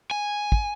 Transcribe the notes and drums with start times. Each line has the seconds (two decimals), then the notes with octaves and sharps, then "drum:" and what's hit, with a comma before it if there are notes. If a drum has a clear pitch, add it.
0.11 G#5
0.52 drum: kick